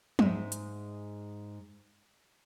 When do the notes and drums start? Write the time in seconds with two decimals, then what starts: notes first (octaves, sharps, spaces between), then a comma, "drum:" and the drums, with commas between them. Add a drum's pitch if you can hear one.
0.19 G#2 G#3 E5, drum: tom
0.52 drum: hi-hat